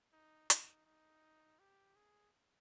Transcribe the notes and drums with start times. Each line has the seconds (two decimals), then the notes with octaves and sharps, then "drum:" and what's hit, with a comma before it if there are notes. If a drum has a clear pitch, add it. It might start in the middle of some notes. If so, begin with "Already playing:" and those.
0.13 D#4
0.50 D#4, drum: hi-hat
0.85 D#4
1.59 G4
1.96 G#4